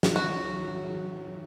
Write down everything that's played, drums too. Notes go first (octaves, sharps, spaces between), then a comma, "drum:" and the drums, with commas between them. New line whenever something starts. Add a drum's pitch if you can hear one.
drum: snare
F#3 F#4